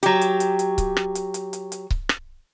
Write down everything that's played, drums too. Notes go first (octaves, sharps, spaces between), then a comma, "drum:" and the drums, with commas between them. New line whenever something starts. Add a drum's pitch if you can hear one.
F#3 G4, drum: hi-hat
drum: hi-hat
drum: hi-hat
drum: hi-hat
drum: kick C#1, hi-hat
drum: rim click
drum: hi-hat
drum: hi-hat
drum: hi-hat
drum: hi-hat
drum: kick C#1
drum: rim click